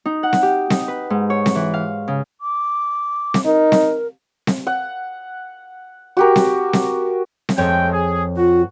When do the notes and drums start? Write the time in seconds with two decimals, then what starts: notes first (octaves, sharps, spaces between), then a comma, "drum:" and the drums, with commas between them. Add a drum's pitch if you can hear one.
0.06 D#4
0.23 F#5
0.33 drum: snare C4
0.43 G4
0.70 D#4, drum: snare C4
0.88 B4
1.10 G#2
1.30 C#5
1.46 drum: snare C4
1.55 E3
1.74 F5
2.08 C#3
2.41 D6
3.34 drum: snare C4
3.45 D#4 A#4
3.72 drum: snare C4
4.47 drum: snare C4
4.67 F#5
6.17 F#4 G4 A#4
6.36 drum: snare C4
6.73 drum: snare C4
7.49 drum: snare C4
7.58 F2 G#3 A3 C#5 G5
7.93 G#4
8.37 F4 F#4